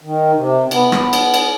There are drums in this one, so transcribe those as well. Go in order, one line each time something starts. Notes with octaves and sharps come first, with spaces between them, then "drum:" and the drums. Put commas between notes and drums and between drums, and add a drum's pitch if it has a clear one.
D#3
C3
B3, drum: cymbal
drum: rim click
drum: cymbal
drum: cymbal